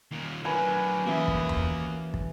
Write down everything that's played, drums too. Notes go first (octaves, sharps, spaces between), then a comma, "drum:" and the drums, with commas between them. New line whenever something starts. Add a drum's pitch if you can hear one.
D#2 A#2
D3 F#3 A#4 B4 G#5
E3 A#3 C#4 F#4 D#5
drum: kick
drum: tom E2
drum: kick